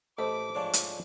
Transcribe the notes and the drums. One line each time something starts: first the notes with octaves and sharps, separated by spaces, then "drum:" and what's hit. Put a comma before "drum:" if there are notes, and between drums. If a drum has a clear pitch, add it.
A1 A3 C5 D#5 B5 D6
G#2 F3 D4 C#5 D5 A5
drum: hi-hat